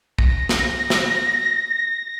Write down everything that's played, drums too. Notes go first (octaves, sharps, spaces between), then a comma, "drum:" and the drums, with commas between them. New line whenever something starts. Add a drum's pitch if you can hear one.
A#6, drum: kick
drum: snare
drum: snare